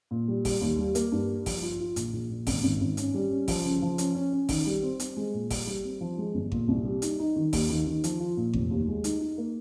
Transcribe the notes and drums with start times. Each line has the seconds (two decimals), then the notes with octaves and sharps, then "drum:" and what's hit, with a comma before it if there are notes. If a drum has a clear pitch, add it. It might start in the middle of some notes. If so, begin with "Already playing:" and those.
0.11 A#2
0.28 G3
0.45 G3, drum: kick G#1, open hi-hat
0.61 D#2
0.78 G3
0.95 A#3, drum: hi-hat
1.12 G2
1.29 G3
1.46 F3, drum: kick G#1, open hi-hat
1.62 F4
1.80 F4
1.96 A#1, drum: hi-hat
2.13 A#1
2.31 A#2
2.47 G#1, drum: kick G#1, open hi-hat
2.63 G#1
2.81 G#1
2.97 C#4, drum: hi-hat
3.14 G3
3.31 C#4
3.48 F3, drum: kick G#1, open hi-hat
3.65 C#3
3.82 F3
3.98 C#4, drum: hi-hat
4.15 C#4
4.32 C#4
4.49 D#3, drum: kick G#1, open hi-hat
4.66 G3
4.83 C4
5.00 C4, drum: hi-hat
5.16 G#3
5.34 A#2
5.51 G3, drum: kick G#1, open hi-hat
5.67 G3
5.84 C4
6.01 F3
6.18 G#3
6.34 G1
6.52 A#2, drum: kick G#1
6.68 C2
6.85 G3
7.02 D#4, drum: hi-hat
7.19 D#4
7.36 D#3
7.53 D#2, drum: kick G#1, open hi-hat
7.70 D#3
7.87 D#3
8.04 F3, drum: hi-hat
8.19 F4
8.37 A#2
8.54 F1, drum: kick G#1
8.71 D#2
8.88 G#3
9.04 D#4, drum: hi-hat
9.21 D#4
9.38 A#3